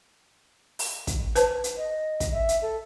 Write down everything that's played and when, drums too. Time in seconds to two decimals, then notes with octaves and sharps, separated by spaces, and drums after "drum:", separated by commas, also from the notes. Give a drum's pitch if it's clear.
0.79 drum: open hi-hat
1.07 drum: kick, hi-hat
1.36 B4 C5 A5, drum: hi-hat
1.64 drum: hi-hat
1.77 D#5
2.20 drum: kick, hi-hat
2.32 E5
2.49 drum: hi-hat
2.62 A4